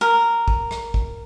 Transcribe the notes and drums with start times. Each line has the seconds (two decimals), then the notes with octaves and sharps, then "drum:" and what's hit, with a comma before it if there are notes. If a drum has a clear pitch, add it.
0.01 A#4
0.48 drum: kick
0.71 drum: rim click
0.94 drum: kick